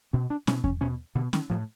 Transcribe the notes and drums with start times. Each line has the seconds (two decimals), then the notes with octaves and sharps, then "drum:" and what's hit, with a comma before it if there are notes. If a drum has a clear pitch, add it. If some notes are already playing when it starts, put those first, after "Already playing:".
0.13 B2 C#4
0.30 D4
0.47 B2 C#4, drum: snare C#4
0.64 C#4, drum: kick E2
0.81 B2 C#4
1.15 B2 D3
1.33 D#3, drum: snare C#4
1.50 A2 F3